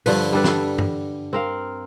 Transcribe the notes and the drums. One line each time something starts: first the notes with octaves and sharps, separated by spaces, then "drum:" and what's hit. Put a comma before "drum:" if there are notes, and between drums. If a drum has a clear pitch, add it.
G2 D3 F3 B4, drum: open hi-hat
G3 D4 A4 B4
drum: snare
drum: tom G2
C4 A#4 F5